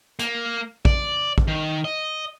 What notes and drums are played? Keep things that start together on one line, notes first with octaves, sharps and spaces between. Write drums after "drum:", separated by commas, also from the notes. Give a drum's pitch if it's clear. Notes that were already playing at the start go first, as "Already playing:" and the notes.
A#3, drum: hi-hat
D5, drum: kick
drum: kick
D#3
D#5